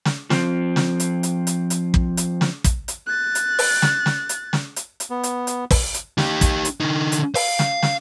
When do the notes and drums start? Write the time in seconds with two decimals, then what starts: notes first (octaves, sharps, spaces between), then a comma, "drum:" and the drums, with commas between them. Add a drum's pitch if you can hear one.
0.05 drum: snare
0.30 F3 C4, drum: snare
0.76 drum: snare
1.00 drum: hi-hat
1.23 drum: hi-hat
1.47 drum: hi-hat
1.70 drum: hi-hat
1.94 drum: kick
2.17 drum: hi-hat
2.41 drum: snare
2.64 drum: kick, hi-hat
2.88 drum: hi-hat
3.07 F#6 A6
3.35 drum: hi-hat
3.59 drum: open hi-hat
3.82 drum: snare
4.06 drum: snare
4.29 drum: hi-hat
4.53 drum: snare
4.76 drum: hi-hat
5.00 drum: hi-hat
5.10 B3
5.23 drum: hi-hat
5.47 drum: hi-hat
5.71 drum: kick, open hi-hat
5.94 drum: hi-hat
6.18 D#4 G4, drum: snare
6.41 drum: kick, hi-hat
6.65 drum: hi-hat
6.80 D3 D#4
7.12 drum: hi-hat
7.35 F5, drum: open hi-hat
7.59 drum: snare
7.82 drum: snare